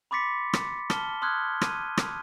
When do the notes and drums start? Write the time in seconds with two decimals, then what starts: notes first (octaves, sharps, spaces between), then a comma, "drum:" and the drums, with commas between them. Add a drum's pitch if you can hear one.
0.11 B5 C6 D6 A6 B6 C#7
0.53 drum: rim click
0.90 A5 F6 G7, drum: rim click
1.22 C6 D#6 F6 F#6 G#6
1.61 D#7, drum: rim click
1.97 drum: rim click